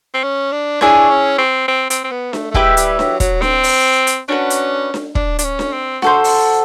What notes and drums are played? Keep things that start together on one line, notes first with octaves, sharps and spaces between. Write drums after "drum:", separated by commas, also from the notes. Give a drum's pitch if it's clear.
C4
C#4
D4
D4 E4 G#4 C#5, drum: snare D4
C#4
C4
C4
C4, drum: hi-hat
C4
B3
A3, drum: snare D4
A3
G#3 E4 G4 B4 E5, drum: kick
G3, drum: hi-hat
F#3, drum: snare D4
F#3, drum: kick, hi-hat
C4, drum: snare D4
drum: open hi-hat
drum: hi-hat
C#4 D4 F#4 B4
drum: hi-hat
drum: snare D4
D4, drum: kick
D4, drum: hi-hat
C#4
drum: snare D4
C4
F#4 A4 C5, drum: snare D4
drum: open hi-hat